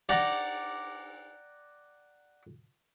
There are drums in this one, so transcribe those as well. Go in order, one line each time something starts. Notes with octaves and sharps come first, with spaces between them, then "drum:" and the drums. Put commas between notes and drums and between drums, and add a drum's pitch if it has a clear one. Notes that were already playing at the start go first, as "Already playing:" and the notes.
D5 F#5 G5 A#5 D6, drum: cymbal